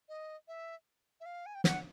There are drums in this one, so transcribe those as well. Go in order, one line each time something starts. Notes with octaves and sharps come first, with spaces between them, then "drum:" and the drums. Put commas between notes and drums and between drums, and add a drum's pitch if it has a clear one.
D#5
E5
E5
F5
G#5
G5
F#5, drum: snare